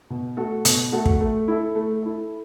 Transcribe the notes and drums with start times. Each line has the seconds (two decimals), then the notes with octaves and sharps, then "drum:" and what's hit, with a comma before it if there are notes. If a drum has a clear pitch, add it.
0.10 B2
0.37 A3 F#4 A4
0.65 B2, drum: hi-hat
0.92 A3 F#4 A4
1.06 drum: kick
1.20 A3
1.48 E4 A4
1.75 A3
2.02 E4 A4